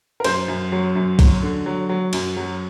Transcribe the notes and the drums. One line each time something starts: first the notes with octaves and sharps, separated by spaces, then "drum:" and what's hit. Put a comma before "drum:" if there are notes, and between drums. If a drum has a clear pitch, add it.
A#4
F#2 C5, drum: cymbal
F#2
F#3
F#2
F#3, drum: kick, cymbal
D3
F#3
F#3
F#2, drum: cymbal
F#3